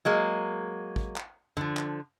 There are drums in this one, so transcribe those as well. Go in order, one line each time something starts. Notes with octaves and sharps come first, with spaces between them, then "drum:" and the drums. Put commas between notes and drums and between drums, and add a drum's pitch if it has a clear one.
F#3 G#3 A#3
drum: kick
drum: clap
D3 F3, drum: tom
drum: clap